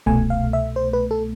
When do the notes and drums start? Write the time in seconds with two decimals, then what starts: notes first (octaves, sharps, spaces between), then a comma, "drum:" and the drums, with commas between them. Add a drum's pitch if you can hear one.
0.06 C2 B2 A3 G#5, drum: kick D1
0.30 F5
0.53 E5
0.76 C5
0.93 B4
1.11 A4